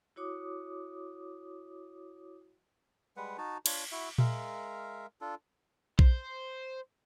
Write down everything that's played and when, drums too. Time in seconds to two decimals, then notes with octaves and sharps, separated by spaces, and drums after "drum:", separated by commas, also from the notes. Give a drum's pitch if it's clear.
0.16 E4 F#4 C#5 D6 D#6
3.17 G3 G#3 B4 F#5
3.38 D#4 F#4 A5
3.66 D4 F4 C#5, drum: cymbal
3.92 E4 F#4 E5
4.18 G#3 A#4 E5 F5, drum: tom A#2
5.21 D4 F4 A4
5.99 C5, drum: kick A#1